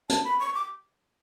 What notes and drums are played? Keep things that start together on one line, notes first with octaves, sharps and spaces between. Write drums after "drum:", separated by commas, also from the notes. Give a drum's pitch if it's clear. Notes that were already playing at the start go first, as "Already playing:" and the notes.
A5, drum: hi-hat
B5
C#6
D6